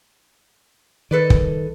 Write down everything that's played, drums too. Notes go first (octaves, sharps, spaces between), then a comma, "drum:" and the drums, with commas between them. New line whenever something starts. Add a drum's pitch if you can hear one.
D#3 A4 B4 D5
drum: kick